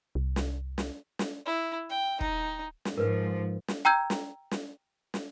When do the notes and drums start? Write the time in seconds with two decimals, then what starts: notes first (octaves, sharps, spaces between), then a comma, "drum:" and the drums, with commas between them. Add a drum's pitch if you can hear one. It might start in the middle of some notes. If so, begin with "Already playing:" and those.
0.15 C2
0.36 drum: snare
0.78 drum: snare
1.19 drum: snare
1.45 E4
1.89 G5
2.20 D#4, drum: kick
2.85 drum: snare
2.98 G#2 F3 A#4 B4
3.68 drum: snare
3.85 G5 A#5 E6 G6 G#6
4.10 drum: snare
4.51 drum: snare
5.14 drum: snare